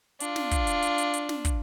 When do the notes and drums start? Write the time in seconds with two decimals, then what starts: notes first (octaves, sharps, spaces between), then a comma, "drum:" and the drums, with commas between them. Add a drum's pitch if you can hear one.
0.20 D4 F4, drum: hi-hat
0.36 drum: snare
0.51 drum: kick, hi-hat
0.67 drum: hi-hat
0.82 drum: hi-hat
0.98 drum: hi-hat
1.14 drum: hi-hat
1.29 drum: snare
1.45 drum: kick, hi-hat